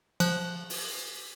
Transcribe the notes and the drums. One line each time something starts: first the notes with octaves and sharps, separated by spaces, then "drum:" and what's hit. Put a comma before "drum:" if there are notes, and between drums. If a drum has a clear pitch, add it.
F3 F#6, drum: cymbal
drum: open hi-hat